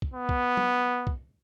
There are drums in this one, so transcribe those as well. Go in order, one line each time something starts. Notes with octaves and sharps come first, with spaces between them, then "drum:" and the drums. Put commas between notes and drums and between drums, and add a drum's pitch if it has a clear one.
drum: kick
B3
drum: kick
drum: tom F#3
drum: kick